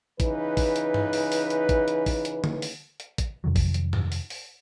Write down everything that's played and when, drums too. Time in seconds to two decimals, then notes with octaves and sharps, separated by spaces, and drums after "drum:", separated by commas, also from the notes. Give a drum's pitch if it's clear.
0.20 C#3 E3 D#4 B4, drum: kick, hi-hat
0.57 drum: kick, open hi-hat
0.76 drum: hi-hat
0.94 drum: tom G2
1.13 drum: open hi-hat
1.32 drum: open hi-hat
1.50 drum: hi-hat
1.69 drum: kick, hi-hat
1.88 drum: hi-hat
2.06 drum: kick, open hi-hat
2.25 drum: hi-hat
2.44 drum: tom D3
2.62 drum: open hi-hat
3.00 drum: hi-hat
3.18 drum: kick, hi-hat
3.44 F2 C3 D#3 F#3
3.56 drum: kick, open hi-hat
3.74 drum: hi-hat
3.93 drum: tom G2
4.12 drum: open hi-hat
4.30 drum: open hi-hat